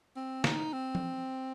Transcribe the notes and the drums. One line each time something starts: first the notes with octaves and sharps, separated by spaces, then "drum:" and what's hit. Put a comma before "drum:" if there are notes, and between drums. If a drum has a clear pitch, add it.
C4
D#4, drum: snare
C4
drum: tom F3